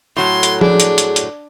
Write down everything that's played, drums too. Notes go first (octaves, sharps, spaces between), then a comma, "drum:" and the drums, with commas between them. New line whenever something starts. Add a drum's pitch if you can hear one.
A2 F#3 C6
drum: hi-hat
D4 G#4, drum: tom F3
drum: hi-hat
drum: hi-hat
drum: hi-hat